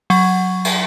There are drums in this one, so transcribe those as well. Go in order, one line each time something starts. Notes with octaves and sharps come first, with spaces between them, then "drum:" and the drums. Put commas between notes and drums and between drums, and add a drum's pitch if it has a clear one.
F#3, drum: open hi-hat
drum: cymbal